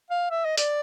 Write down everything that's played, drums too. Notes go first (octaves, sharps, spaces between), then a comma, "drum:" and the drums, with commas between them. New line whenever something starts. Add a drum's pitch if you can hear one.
F5
E5
D#5
D5, drum: hi-hat